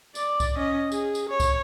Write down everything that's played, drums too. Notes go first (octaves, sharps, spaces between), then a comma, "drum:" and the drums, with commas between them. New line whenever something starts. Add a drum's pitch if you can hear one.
D5, drum: tambourine
drum: kick C2, tambourine
C#4 D#5
G#4, drum: tambourine
drum: tambourine
C#5
drum: kick C2, tambourine